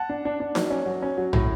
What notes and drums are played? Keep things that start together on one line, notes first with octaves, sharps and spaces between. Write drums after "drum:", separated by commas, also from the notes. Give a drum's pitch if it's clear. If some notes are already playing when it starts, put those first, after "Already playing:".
Already playing: F#5 A5
D4
D4
D4
F#3, drum: snare D#4
C#4
F#3
C#4
F#3
A2, drum: tom